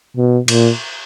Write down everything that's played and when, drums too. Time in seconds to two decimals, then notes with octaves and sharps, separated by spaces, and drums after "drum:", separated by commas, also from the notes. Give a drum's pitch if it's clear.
0.17 B2
0.48 A#2, drum: cymbal